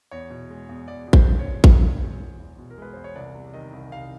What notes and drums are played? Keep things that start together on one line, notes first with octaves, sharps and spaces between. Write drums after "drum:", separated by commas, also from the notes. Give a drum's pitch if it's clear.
E2 C#5
B2
G#3
E2
E2 D5
B2
C5, drum: kick A1
G#3
C#5
E2
E2, drum: kick A1
B2
G#3
E2
E2
B2
A#4
G#3 B4
E2 C5
C#5
C2 D5
C3
D#3 D#5
C2
C2 F5